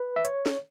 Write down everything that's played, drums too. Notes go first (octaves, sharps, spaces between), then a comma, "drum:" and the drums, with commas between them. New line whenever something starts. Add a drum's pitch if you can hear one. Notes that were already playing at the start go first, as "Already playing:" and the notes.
Already playing: B4
E5
C#5, drum: hi-hat
drum: snare